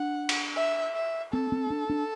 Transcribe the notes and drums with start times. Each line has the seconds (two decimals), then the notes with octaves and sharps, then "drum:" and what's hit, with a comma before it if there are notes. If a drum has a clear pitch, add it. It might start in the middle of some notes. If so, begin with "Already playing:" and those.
Already playing: D4 F#5
0.29 drum: cymbal
0.56 E5
0.95 E5
1.33 C4 A4
1.52 C4
1.70 D4
1.90 D4